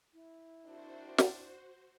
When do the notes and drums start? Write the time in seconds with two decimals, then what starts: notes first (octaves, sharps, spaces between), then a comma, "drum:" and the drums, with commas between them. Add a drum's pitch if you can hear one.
0.13 E4
0.65 D#3 C4 D4 F#4 C5
1.18 drum: snare